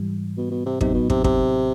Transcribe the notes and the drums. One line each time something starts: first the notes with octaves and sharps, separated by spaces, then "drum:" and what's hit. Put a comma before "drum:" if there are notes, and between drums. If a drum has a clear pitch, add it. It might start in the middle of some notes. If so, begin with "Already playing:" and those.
Already playing: G#2 E3 G3
B2
B2
C3
A1 A2 C3 F#3 B3 D#4, drum: kick
B2
C3, drum: kick
C3, drum: kick